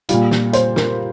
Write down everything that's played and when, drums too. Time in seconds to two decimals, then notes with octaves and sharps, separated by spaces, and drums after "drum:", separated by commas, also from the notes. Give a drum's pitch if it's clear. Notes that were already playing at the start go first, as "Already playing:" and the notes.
0.09 A#2 G3 F4, drum: hi-hat
0.31 drum: snare
0.53 C5, drum: hi-hat
0.76 A#4, drum: snare